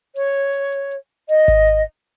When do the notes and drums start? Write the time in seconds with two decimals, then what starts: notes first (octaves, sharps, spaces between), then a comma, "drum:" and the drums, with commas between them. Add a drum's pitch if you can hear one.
0.16 C#5, drum: hi-hat
0.53 drum: hi-hat
0.72 drum: hi-hat
0.91 drum: hi-hat
1.29 D#5, drum: hi-hat
1.48 drum: kick G#1, hi-hat
1.67 drum: hi-hat